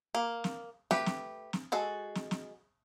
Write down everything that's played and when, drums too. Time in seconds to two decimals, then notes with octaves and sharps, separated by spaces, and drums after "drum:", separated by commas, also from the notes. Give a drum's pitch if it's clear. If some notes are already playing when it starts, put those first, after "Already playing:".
0.15 A#3
0.44 drum: snare
0.91 A3 G4 B4, drum: snare
1.06 drum: snare
1.53 drum: snare
1.72 G#3 F#4 A4
2.15 drum: snare
2.31 drum: snare